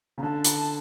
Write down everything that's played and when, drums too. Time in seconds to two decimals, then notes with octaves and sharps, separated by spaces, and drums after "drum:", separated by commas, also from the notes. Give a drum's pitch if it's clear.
0.18 C#3 A#5
0.23 D3 A5
0.45 drum: hi-hat